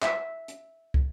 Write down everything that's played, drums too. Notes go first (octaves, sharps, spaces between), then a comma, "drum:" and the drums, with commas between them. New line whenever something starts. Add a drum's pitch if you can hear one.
E5, drum: clap
drum: hi-hat
drum: kick